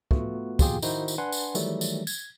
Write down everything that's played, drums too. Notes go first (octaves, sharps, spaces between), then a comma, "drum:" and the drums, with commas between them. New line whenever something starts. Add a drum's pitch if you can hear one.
A3 B3 F4 F#4, drum: kick
D#2 B2 F4 G4 G#4 G5, drum: kick, tambourine
D#3 D#4 E4 F#4 C5, drum: tambourine
drum: tambourine
D4 B4 F#5 G#5 C6
drum: tambourine
D#3 E3 F#3 G3 A3, drum: tambourine
drum: tambourine
G#6, drum: tambourine